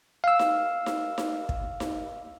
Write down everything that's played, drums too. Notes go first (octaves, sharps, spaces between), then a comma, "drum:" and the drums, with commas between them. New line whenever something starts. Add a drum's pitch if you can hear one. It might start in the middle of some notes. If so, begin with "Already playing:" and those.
F5 E6
drum: snare D#4
drum: snare D#4
drum: snare D#4
drum: kick
drum: snare D#4